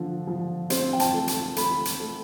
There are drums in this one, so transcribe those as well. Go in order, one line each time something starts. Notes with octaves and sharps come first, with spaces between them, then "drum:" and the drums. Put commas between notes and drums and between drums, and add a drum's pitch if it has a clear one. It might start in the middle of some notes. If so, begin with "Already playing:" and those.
Already playing: D3 F3
F3
C4 C5, drum: hi-hat
G5
A5, drum: hi-hat
A3
A5, drum: hi-hat
A3 B5, drum: hi-hat
drum: hi-hat
A3